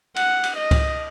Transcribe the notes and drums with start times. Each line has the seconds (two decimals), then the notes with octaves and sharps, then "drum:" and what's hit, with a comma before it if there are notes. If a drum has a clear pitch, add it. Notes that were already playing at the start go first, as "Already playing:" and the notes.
0.16 F#5, drum: cymbal
0.43 drum: cymbal
0.57 D#5
0.71 drum: kick C#2, cymbal